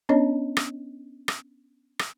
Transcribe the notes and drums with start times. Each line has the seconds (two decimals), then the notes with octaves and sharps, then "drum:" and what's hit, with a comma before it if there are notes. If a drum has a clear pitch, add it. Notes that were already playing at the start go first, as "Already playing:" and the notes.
0.09 B3 C#4 D4 C#5 D#5
0.57 drum: rim click
1.28 drum: rim click
1.99 drum: rim click